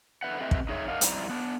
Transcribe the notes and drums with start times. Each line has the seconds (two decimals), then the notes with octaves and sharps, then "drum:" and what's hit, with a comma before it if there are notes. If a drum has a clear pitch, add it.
0.23 D3 A4 B4 E5 F#5
0.40 A3 C4 G4 B4 D#5 E5
0.51 drum: kick
0.69 D#4 G#4 C#5 E5
0.88 D4 A#4 D#5 F5 F#5
1.01 F2 G3 C4 E4 D5 A#5, drum: hi-hat
1.29 B3 D4